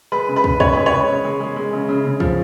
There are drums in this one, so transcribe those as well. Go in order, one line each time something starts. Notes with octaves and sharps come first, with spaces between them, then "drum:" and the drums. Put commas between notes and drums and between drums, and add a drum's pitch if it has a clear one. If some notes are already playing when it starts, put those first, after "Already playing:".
G#3 B4
C#3
B4
C#3, drum: kick
C#3 C#5, drum: kick
G#3 B4
C#5
C#3
C#3
G#3
G#3
G#3
C#3
C#3
C#3
F3, drum: kick